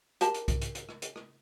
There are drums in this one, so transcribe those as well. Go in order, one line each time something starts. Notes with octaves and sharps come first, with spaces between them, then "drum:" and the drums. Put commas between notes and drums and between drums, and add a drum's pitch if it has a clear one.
G4 A#4 A5, drum: hi-hat
drum: hi-hat
drum: kick C2, hi-hat
drum: hi-hat
drum: hi-hat
drum: rim click
drum: hi-hat
drum: rim click